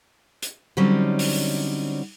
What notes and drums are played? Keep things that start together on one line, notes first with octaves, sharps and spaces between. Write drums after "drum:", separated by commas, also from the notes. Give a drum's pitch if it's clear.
drum: hi-hat
D3 F#3 G3 C4 C#4 D#4
drum: open hi-hat